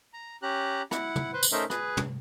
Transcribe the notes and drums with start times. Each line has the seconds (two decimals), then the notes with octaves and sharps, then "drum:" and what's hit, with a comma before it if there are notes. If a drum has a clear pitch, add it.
0.13 A#5
0.42 C#4 G4 A#5 F#6
0.91 E4 F#5, drum: rim click
1.16 drum: tom
1.33 B4 C5
1.43 drum: tambourine
1.52 A3 C#4 D#4 A#4 C5 E5
1.70 G#4 B4, drum: rim click
1.97 drum: tom